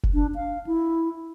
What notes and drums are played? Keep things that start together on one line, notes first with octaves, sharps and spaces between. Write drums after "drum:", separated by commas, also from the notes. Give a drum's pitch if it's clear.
drum: kick F1
D4
F5
E4